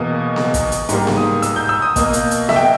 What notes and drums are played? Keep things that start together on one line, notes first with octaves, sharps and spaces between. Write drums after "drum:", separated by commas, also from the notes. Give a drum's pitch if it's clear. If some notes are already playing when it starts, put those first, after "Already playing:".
Already playing: E2 B2 A#3 D#6
drum: snare B3
drum: kick, hi-hat
drum: hi-hat
G#2 G3 A#3, drum: hi-hat
drum: snare B3
D#6
E6, drum: hi-hat
G6
E6
D#6
B2 A#3, drum: kick, hi-hat
drum: hi-hat
drum: hi-hat
E5, drum: snare B3
G5